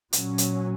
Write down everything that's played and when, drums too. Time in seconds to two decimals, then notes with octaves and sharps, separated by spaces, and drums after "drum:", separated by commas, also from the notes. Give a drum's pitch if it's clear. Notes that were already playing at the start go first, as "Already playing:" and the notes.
0.13 A#2 F#3 C#4, drum: hi-hat
0.38 drum: hi-hat